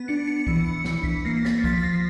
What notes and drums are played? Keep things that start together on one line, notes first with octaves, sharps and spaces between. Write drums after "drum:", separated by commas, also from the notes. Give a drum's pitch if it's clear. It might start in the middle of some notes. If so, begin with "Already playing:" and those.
Already playing: B3
D4 C#7
C#7
E3 C#7, drum: kick
C#7
E3 C#7, drum: snare
B6 C#7, drum: kick
A#3 A#6 C7
A6 B6, drum: snare
F3 A6 B6, drum: kick
B6
A#6 C7